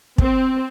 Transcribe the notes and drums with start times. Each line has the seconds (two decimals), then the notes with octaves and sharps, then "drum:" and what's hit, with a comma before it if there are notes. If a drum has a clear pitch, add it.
0.18 C4, drum: kick